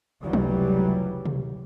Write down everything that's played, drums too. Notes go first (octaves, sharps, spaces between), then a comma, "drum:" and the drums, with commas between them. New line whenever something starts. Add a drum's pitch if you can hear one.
F1 C#2 E3 F#3 G3
drum: tom
drum: tom